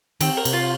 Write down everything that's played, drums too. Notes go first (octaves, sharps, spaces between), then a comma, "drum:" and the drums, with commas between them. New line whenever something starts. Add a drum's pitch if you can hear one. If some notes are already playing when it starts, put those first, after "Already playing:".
D#3 C4, drum: cymbal
A#4
C3, drum: cymbal
F4